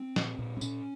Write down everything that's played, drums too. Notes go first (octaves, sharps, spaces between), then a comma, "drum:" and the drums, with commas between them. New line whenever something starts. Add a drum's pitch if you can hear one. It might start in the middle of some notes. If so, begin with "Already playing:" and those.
Already playing: C4
A#2, drum: snare
A#2
C4
A#2 C#4, drum: tambourine